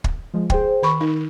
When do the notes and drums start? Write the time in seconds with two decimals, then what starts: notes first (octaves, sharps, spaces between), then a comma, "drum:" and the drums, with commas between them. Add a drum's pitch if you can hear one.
0.04 drum: kick
0.34 F3 G#3
0.50 G#4 C5 G5, drum: kick
0.83 D#3 B5 C#6
1.01 D#3 D#4